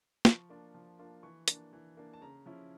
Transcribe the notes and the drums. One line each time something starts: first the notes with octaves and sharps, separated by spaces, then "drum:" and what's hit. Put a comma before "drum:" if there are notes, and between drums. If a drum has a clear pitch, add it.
F3 C#6, drum: snare
A#3 D4 F4
F3
A#3 D4 F4
E3 C#6
A#3 D4, drum: hi-hat
E3
A#3 D4
A5
C#3 A#5
F3 C#4 E4